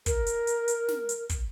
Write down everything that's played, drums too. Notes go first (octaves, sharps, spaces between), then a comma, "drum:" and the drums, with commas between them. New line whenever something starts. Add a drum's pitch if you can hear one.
A#4, drum: kick, hi-hat
drum: hi-hat
drum: hi-hat
drum: hi-hat
drum: snare
drum: hi-hat
drum: kick, hi-hat